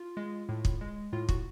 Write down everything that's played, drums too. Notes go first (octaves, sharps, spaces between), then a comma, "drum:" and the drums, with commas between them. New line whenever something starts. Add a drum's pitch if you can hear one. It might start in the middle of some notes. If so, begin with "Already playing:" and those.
Already playing: F4
G#3
A2
drum: kick
G#3
A2 F4
F#4, drum: kick